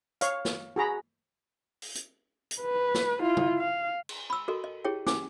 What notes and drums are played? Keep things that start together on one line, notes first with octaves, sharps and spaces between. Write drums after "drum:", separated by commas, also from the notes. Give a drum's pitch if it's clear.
C#5 F5, drum: hi-hat
drum: snare
F#4 G#4 A#5 B5
drum: open hi-hat
drum: hi-hat
drum: hi-hat
B4
drum: snare
E4 F4
drum: tom
F5
drum: cymbal
B5 E6
F#4 A4 A#4 D#5
D#5
E4 G4 G#4 C#5 G5
C#4 E4 G#5 D6, drum: snare